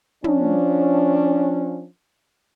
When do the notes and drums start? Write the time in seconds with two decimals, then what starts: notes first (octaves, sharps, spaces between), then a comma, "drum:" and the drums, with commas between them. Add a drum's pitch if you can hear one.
0.24 F3 C#4 D4, drum: tom